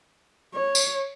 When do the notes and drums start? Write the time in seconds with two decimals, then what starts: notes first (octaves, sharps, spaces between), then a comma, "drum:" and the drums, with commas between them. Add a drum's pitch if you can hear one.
0.54 C#5
0.75 drum: tambourine